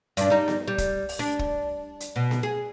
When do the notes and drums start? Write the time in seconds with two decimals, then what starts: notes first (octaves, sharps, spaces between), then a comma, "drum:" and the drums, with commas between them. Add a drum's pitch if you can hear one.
0.17 G2 D4, drum: hi-hat
0.30 G3 D#4
0.48 drum: snare B3
0.68 G3
0.78 drum: kick, hi-hat
1.09 drum: open hi-hat
1.19 D4
1.39 drum: kick
2.00 drum: hi-hat
2.16 B2
2.31 drum: snare B3
2.43 G#4